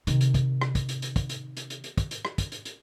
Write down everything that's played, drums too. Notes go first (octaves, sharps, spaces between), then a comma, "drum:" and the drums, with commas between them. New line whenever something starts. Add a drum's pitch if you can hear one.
C3 D#3, drum: hi-hat
drum: hi-hat
drum: kick, hi-hat
drum: rim click
drum: kick, hi-hat
drum: hi-hat
drum: hi-hat
drum: kick, hi-hat
drum: hi-hat
drum: hi-hat
drum: hi-hat
drum: hi-hat
drum: kick, hi-hat
drum: hi-hat
drum: rim click
drum: kick, hi-hat
drum: hi-hat
drum: hi-hat